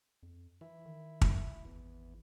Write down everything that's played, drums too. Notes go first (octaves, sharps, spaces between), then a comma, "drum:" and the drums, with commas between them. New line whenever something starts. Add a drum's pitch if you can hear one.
F2
E3 E4
D#3
drum: kick
G#1 E2